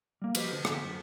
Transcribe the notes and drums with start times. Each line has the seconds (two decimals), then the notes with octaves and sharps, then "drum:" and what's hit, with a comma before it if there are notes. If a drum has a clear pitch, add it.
0.22 G3 A#3
0.35 F3 F#4 G4 B4 C5 D#5, drum: cymbal
0.52 D3
0.65 D3 B3, drum: rim click
0.85 F#2